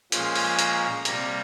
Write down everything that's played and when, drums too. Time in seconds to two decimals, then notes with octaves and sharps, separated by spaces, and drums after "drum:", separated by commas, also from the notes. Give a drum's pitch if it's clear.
0.12 A#2 F3 G#3 C#4 C6, drum: hi-hat
0.35 drum: open hi-hat
0.59 A#5, drum: hi-hat
1.05 C3 G3 A#3 A#5, drum: hi-hat